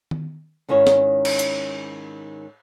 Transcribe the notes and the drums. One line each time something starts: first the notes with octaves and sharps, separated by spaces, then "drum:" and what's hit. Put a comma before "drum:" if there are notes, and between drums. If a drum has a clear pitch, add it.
drum: tom D#3
G#2 D#3 C#4 E4 C#5
drum: snare
drum: cymbal
drum: hi-hat